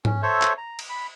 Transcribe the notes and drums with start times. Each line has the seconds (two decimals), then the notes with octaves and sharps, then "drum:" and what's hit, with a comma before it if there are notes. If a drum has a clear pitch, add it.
0.05 C#4, drum: tom G#2
0.22 A4 C5 C#5 E5
0.42 drum: clap
0.58 A#5
0.79 drum: cymbal
0.89 B5